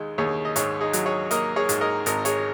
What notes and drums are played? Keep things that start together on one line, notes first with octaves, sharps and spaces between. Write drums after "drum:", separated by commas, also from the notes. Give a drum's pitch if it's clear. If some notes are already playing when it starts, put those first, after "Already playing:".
Already playing: D#2 D#3 G#3
D#2 G#4 C#5
D#5
G#2 G#4 C#5, drum: hi-hat
D#4 G#4
F#3, drum: hi-hat
G#4 C#5
A#3 A#4 D#5, drum: hi-hat
G#4 C#5
G#2, drum: hi-hat
A#4 D#5
G#1 A#4 D#5, drum: hi-hat
G#4 C#5, drum: hi-hat